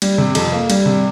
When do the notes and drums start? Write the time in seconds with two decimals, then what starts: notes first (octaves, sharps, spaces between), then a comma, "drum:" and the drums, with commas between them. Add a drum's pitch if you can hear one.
0.02 G3, drum: cymbal
0.18 C3
0.35 F2, drum: cymbal
0.52 A#3
0.70 G3, drum: cymbal
0.86 C3